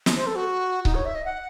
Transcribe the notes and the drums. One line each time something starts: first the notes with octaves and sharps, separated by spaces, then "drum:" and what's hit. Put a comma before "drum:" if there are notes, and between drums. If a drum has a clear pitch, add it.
drum: snare
C5
A4
F#4
D#4, drum: kick C#1
C#5
E5
D#5
F#5